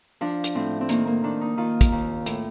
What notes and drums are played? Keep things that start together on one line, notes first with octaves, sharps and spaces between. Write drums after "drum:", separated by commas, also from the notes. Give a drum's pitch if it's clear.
F3 D4
drum: hi-hat
A2 C4
C4
D#3 A#3, drum: hi-hat
A#3
D#3 D4
D#4
D#3 F4
drum: kick, hi-hat
D#2
A2, drum: hi-hat